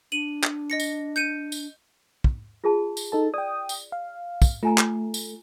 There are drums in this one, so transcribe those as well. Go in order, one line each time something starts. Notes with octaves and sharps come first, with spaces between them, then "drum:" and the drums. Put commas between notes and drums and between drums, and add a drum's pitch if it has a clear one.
D4 D#7 F#7
drum: clap
D#5 A#6 C#7
drum: tambourine
G6 C#7 D#7
drum: tambourine
drum: kick
F4 G#4 A5
drum: tambourine
D#4 A4 A5
D5 G5 D#6
drum: tambourine
F5
drum: kick, tambourine
A3 F4 G#5 A#5
drum: clap
drum: tambourine